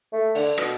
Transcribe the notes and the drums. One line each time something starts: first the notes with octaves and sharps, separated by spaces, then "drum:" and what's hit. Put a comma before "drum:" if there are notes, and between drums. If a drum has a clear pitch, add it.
A3
D3, drum: open hi-hat
B2, drum: rim click